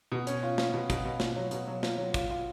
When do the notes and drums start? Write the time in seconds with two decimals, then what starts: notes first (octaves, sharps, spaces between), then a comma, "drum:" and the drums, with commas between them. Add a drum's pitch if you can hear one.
0.12 B2
0.27 C#4, drum: hi-hat
0.43 F4
0.58 F4, drum: snare
0.74 B2
0.90 B2, drum: kick, hi-hat
1.05 B2
1.20 F4, drum: snare
1.36 F#3
1.51 B2, drum: hi-hat
1.67 F#3
1.83 F4, drum: snare
1.98 F#3
2.14 F4, drum: kick, hi-hat
2.30 F4